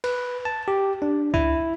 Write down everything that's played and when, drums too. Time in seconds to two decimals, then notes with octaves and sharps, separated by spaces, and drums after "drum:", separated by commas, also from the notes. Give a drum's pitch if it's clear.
0.04 B4, drum: cymbal
0.45 A5
0.68 G4
1.02 D4
1.34 E4, drum: kick C#2